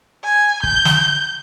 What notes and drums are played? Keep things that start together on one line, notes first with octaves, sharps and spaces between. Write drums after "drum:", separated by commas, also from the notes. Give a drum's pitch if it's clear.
G#5
G6, drum: kick
drum: snare